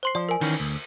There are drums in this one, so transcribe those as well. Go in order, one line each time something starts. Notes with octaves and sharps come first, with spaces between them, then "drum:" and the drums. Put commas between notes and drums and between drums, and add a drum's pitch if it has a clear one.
C5 C6 C7
F3 D5
A#4 G#5
D#3 E3 C#4, drum: cymbal
D2